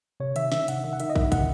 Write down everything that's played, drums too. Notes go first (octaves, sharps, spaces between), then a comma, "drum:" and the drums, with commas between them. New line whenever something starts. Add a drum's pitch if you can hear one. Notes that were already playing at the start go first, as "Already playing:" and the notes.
C3 C#5
D#3 E5, drum: hi-hat
D#3 E5, drum: snare
C3 F#5, drum: hi-hat
D#3 E5
F#5
D#3 E5, drum: hi-hat
D#5
D#3 E5, drum: kick
C3 F#5, drum: kick, hi-hat